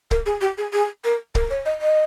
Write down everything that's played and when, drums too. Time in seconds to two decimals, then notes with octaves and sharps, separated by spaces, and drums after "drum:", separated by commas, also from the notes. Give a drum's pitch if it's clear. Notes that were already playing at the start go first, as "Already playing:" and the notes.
0.11 A#4, drum: kick
0.26 G#4
0.41 G4
0.58 G#4
0.73 G#4
1.04 A#4
1.35 A#4, drum: kick
1.50 C#5
1.65 D#5
1.81 D#5